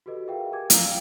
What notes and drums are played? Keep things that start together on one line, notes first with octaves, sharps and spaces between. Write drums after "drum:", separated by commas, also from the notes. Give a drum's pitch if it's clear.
F#4 G4 A4 B4 D#5
F4 G#4 A#4 E5 F5 G5
G4 A#4 G#5 D6 G#6
F5 A#5 E6, drum: hi-hat
F5 G5